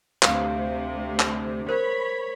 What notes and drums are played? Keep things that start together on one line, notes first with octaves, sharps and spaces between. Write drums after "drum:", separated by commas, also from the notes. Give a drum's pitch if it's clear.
D2 C3 F5, drum: clap
drum: clap
A#4 C5 C#5 B5